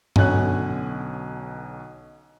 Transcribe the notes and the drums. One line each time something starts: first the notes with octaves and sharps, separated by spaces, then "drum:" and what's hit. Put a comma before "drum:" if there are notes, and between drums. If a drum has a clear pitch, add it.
B1 B2 D3 C#4 G#5 F#6, drum: tom G2